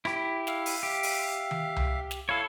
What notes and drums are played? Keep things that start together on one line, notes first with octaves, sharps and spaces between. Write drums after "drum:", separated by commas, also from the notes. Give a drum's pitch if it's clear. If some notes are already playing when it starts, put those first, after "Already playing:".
E4 G4, drum: rim click
E5 F5, drum: snare
drum: open hi-hat
G4
drum: open hi-hat
drum: tom D#3
drum: tom C2
drum: snare
E4 A4 C#5 F5